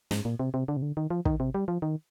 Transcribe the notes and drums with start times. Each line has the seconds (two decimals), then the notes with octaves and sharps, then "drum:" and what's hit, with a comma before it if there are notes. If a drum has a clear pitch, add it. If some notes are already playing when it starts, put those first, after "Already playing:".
0.11 G#2, drum: snare
0.25 A#2
0.39 C3
0.54 C3
0.68 D3
0.77 C3
0.82 D3
0.97 D#3
1.10 F3
1.25 D#3, drum: kick
1.40 C3
1.54 G3
1.68 F3
1.82 D#3